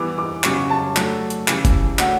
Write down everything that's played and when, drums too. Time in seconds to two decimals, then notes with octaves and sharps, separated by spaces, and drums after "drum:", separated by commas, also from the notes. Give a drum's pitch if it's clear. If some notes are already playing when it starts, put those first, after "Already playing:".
Already playing: E3 G3 B3 D6
0.18 D6
0.44 C#3 F#3 C#4 G4 C#5 C#6, drum: clap
0.70 A5
0.96 F#3 A3 D4 A4, drum: clap
1.30 drum: hi-hat
1.48 C#3 E3 G3, drum: clap
1.65 drum: kick F#1, hi-hat
1.99 A3 D4 F#4 A4 C#5 F#5, drum: clap